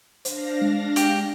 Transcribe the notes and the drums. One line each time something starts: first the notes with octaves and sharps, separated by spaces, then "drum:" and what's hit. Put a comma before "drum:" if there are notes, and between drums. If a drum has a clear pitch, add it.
D4 C5 F5 A#6, drum: hi-hat
G#3
G4, drum: hi-hat